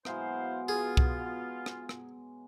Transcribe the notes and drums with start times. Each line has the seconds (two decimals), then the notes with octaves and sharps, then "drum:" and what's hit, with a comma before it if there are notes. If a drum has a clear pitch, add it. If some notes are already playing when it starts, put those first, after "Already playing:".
0.05 B2 F#3 G#3 E4 C5 F5, drum: rim click
0.68 B3 F4 G#4
0.97 drum: kick C2
1.66 drum: rim click
1.89 drum: rim click